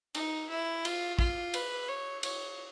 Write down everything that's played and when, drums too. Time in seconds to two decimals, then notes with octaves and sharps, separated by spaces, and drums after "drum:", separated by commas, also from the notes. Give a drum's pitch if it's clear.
0.15 D#4, drum: cymbal
0.50 E4
0.85 F4, drum: cymbal
1.19 F4, drum: kick
1.54 B4, drum: cymbal
1.89 C#5
2.23 C#5, drum: cymbal